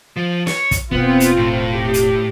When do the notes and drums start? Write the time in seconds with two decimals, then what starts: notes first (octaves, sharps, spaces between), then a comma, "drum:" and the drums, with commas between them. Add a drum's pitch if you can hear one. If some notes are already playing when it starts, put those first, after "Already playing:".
0.16 F3
0.47 C#5, drum: snare
0.71 drum: kick, hi-hat
0.92 E1 B3 C4 F4
1.20 drum: hi-hat
1.37 A2
1.74 G4
1.94 drum: hi-hat